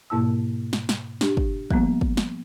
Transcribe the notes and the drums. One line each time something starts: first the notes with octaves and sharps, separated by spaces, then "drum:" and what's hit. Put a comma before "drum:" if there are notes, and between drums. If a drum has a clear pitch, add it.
G#2 B2 A#3 E4 A5 E6
drum: snare
drum: snare
D4 G4, drum: snare
drum: kick
F3 G3 A#3 B3, drum: kick
drum: kick
drum: snare